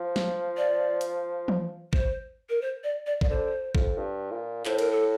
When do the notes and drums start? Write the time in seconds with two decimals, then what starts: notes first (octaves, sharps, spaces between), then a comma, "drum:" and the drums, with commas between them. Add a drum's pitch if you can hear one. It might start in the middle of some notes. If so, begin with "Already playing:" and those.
Already playing: F3
0.16 drum: snare
0.57 D5
1.01 drum: hi-hat
1.48 drum: tom E3
1.93 C5, drum: kick G#1
2.49 A#4
2.61 C5
2.83 D5
3.06 D5
3.21 D5, drum: kick G#1
3.29 D3 C5
3.75 F2, drum: kick G#1
3.97 G2
4.31 A#2
4.65 A2 C5, drum: clap
4.78 A#4, drum: cymbal
4.91 A4